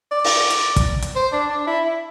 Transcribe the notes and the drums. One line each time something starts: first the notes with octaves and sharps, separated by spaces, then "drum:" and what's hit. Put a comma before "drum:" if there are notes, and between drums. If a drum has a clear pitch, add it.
D5
drum: open hi-hat
drum: hi-hat
drum: kick, hi-hat
drum: hi-hat
C5
D4
D4
E4
E4